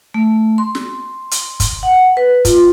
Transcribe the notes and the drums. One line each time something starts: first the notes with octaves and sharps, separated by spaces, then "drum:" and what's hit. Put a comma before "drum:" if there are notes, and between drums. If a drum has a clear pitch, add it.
A3
C6
drum: snare
drum: hi-hat
drum: kick, hi-hat
F#5
B4
F4, drum: kick, hi-hat